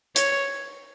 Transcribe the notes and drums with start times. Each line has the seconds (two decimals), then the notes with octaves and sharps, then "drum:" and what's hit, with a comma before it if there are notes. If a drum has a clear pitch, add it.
0.16 C#5, drum: hi-hat